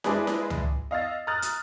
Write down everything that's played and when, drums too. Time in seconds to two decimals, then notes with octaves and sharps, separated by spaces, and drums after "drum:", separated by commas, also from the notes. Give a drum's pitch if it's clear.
0.04 G#3 D4 E4 G#4 B4 G#5, drum: snare E4
0.27 drum: snare E4
0.50 drum: tom C#2
0.91 D#5 F5 E6 A6
1.27 A#5 D#6 F6 F#6 A6
1.42 drum: hi-hat